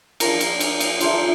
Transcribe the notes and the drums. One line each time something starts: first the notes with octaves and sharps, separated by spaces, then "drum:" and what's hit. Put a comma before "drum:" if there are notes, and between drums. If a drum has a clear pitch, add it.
F3 A#3 D4 F4 A#4, drum: cymbal
drum: cymbal
drum: cymbal
drum: cymbal
A3 D4 F4 C5, drum: cymbal